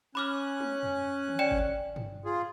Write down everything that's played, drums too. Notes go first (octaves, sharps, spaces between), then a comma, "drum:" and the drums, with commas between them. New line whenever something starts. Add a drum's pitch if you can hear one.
C#4 B5 D6 F6 F#6
drum: tom
drum: tom F2
drum: tom D3
D5 G5 E7
drum: kick G1
drum: tom G2
F4 G#4